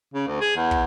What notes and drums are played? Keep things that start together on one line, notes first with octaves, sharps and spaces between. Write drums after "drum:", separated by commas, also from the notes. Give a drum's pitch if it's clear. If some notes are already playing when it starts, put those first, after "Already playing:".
C#3
D2
G#4
E2
drum: kick